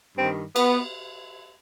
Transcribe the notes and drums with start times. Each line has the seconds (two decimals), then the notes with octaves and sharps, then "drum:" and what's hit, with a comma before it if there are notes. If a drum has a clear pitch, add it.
0.16 G2 D#3 C4
0.56 B3, drum: cymbal